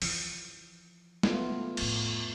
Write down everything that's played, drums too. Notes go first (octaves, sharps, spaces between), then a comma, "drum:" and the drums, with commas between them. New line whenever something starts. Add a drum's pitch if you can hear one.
E3 F3, drum: open hi-hat
A3 B3 F4, drum: snare
F2 A2, drum: cymbal